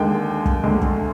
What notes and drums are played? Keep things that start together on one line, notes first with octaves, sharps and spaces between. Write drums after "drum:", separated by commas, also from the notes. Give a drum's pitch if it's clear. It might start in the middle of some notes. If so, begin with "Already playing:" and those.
Already playing: D#2 D3 G#3 G5
drum: kick
D2 D3 G#3
drum: kick